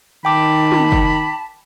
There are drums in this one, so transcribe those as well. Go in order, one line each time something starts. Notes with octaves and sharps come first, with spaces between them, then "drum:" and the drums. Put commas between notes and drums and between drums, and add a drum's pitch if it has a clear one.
D#3 G5 A5 B5 D6
drum: tom
drum: kick